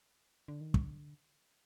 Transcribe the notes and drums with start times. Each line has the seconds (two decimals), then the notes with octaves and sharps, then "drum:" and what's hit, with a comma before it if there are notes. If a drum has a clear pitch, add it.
0.48 D3
0.61 D#3
0.74 D3, drum: kick